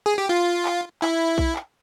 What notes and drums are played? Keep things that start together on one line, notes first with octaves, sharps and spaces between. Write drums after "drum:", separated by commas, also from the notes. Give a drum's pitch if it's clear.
G#4
G4
F4
drum: clap
E4, drum: clap
drum: kick B1
drum: clap